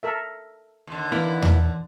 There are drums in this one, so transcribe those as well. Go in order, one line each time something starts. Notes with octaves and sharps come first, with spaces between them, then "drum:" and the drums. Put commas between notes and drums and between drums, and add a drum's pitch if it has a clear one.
A4 A#4 E5
D#2 D3
D#3 E3 A#3 B3 E4
drum: tom E2